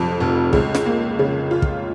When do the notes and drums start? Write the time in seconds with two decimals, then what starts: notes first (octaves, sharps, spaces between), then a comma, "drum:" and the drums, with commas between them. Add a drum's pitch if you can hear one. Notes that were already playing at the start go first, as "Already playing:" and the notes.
Already playing: F1 F2 F3
0.20 F1
0.53 C#2, drum: kick
0.75 drum: snare
0.86 A#3
1.19 C#3
1.51 F4
1.62 drum: kick